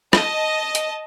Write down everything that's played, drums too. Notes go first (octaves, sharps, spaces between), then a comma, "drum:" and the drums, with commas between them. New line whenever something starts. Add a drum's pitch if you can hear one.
D#5 A5, drum: rim click
drum: hi-hat